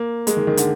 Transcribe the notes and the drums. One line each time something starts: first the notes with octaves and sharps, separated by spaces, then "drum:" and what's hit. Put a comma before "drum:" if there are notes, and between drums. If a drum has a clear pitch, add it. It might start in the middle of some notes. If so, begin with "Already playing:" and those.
Already playing: A#3
G#3, drum: hi-hat
D#3
D#3
D3, drum: hi-hat